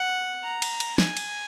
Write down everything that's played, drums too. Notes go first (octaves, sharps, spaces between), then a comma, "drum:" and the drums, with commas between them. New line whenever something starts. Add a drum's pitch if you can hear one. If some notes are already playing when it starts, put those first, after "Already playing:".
Already playing: F#5
A#5
drum: cymbal
drum: cymbal
G#5, drum: snare
drum: cymbal